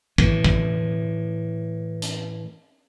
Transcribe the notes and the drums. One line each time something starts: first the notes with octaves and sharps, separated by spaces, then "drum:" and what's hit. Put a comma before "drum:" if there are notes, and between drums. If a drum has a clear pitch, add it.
A2 E3, drum: kick
drum: kick
drum: hi-hat